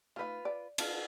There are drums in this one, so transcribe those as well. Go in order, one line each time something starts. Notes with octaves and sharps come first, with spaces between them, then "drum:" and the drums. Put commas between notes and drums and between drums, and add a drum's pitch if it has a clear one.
A3 D#4 F4 B4 F5
D5
D4 F4, drum: cymbal